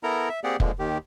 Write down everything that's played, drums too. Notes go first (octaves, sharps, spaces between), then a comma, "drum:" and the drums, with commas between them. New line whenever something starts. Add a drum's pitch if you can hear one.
B3 E4 A4 A#4 A#5
E5
A#3 C4 G4 G#4 D5 F#5
A#2 D3 F3 G#3 A#3, drum: kick
D#2 D#3 G4